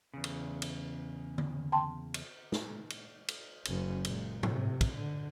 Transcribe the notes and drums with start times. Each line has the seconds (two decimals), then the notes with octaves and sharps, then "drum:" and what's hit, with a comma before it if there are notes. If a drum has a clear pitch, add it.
0.14 E2 C#3
0.24 drum: cymbal
0.62 drum: cymbal
1.38 drum: tom D3
1.72 G5 A5 C6
2.14 drum: cymbal
2.52 drum: snare
2.90 drum: cymbal
3.28 drum: cymbal
3.65 F#1 C#4, drum: cymbal
4.05 A#2 G#3, drum: cymbal
4.43 A2 C3, drum: tom G#2
4.81 drum: kick, cymbal
4.92 D3